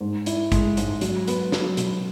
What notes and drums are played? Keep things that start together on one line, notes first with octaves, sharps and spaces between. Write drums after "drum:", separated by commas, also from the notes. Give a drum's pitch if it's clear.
G#2
E4, drum: hi-hat
G#3, drum: kick, hi-hat
G#2, drum: hi-hat
F#3, drum: hi-hat
B3, drum: hi-hat
F#3, drum: snare
B2, drum: hi-hat